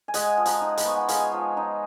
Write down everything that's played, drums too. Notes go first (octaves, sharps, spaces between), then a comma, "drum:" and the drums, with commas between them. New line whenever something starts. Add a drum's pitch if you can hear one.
G#5
G#3 D#5 F#5, drum: hi-hat
F3
F#5 A#5, drum: hi-hat
D#4
B5, drum: hi-hat
B3 C#6
G#5 B5
G#3 C#5 F5, drum: hi-hat
F3
D#4